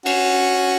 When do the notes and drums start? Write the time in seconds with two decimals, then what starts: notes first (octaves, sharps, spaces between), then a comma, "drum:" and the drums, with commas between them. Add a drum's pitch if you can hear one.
0.06 C#4 F#4, drum: cymbal